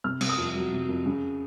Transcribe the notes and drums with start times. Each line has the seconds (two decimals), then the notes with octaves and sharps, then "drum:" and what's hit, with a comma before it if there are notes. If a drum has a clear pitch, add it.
0.04 C3 F6
0.21 C3, drum: cymbal
0.29 D#6
0.38 F2
0.55 F#3
0.72 C3
0.89 F2
1.06 C#3